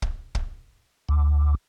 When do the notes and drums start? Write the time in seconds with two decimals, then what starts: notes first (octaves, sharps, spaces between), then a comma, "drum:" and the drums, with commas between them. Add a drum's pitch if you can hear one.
0.02 drum: kick
0.35 drum: kick
1.09 D2